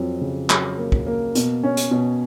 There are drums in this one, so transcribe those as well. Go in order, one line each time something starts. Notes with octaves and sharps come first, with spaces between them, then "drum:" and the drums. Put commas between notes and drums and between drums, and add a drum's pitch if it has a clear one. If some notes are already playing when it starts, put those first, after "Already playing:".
Already playing: F2 F#3
C#3
F#3, drum: clap
A#3
drum: kick
A#3
B2, drum: hi-hat
C#4
drum: hi-hat
B2